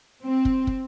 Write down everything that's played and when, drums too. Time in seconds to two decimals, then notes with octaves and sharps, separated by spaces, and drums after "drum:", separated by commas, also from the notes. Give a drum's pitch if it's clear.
0.23 C4
0.45 drum: kick
0.67 drum: kick